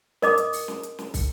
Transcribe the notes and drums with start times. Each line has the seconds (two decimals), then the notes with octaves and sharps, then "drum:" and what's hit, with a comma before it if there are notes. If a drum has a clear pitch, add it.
0.22 A#4 D#5 D6 D#6, drum: snare
0.38 drum: hi-hat
0.53 drum: open hi-hat
0.68 drum: snare
0.83 drum: hi-hat
0.99 drum: snare
1.14 drum: kick, open hi-hat